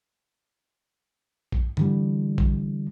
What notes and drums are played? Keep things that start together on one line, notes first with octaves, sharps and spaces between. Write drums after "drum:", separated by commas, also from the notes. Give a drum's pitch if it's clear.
drum: kick
D3 E3 G3, drum: tom
drum: kick